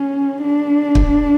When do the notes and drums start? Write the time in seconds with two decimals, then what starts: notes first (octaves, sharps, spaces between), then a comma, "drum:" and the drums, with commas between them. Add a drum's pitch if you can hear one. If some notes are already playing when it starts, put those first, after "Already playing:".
Already playing: C#4
0.41 D4
0.95 drum: kick